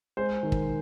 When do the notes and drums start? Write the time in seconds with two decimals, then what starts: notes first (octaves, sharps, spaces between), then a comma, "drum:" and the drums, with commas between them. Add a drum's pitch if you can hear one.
0.17 G#3 C5
0.43 D#3
0.52 drum: kick